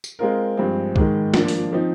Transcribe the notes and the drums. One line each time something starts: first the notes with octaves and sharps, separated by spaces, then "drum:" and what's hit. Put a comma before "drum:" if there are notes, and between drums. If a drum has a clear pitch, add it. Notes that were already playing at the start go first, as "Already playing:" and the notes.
drum: tambourine
G#3 C4 F4 A#4
G2 F3 G#3 C4
G#2 D#3 G#3, drum: kick C2
F3 A#3 D4, drum: snare
drum: open hi-hat
F3 C4 D#4